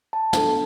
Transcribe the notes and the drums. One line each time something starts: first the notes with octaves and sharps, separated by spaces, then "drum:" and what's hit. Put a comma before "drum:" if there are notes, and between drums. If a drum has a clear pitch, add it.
A5
B3 D4 A4, drum: snare